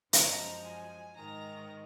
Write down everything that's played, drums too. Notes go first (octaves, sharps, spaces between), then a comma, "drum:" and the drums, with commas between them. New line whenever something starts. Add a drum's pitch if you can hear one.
F#2 F3 G#3 A#5, drum: hi-hat
G#5
G#2 D#3 G#3 A#5